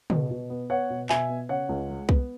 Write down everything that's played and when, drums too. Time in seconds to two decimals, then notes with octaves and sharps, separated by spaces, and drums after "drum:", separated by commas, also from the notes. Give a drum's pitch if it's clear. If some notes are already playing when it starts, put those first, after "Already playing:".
0.10 B2, drum: tom
0.31 B2
0.50 B3
0.70 B3 C#5 F#5
0.90 B2
1.09 B2 E5 G#5, drum: clap
1.29 B3
1.49 C#3 C#5 F#5
1.69 C#2
1.89 G#3
2.09 B3, drum: kick C2